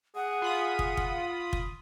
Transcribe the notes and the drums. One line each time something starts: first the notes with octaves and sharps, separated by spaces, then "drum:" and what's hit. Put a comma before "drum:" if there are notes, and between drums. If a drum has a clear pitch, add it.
G#4 F#5
F4 B5 D#6
drum: kick
drum: kick
drum: kick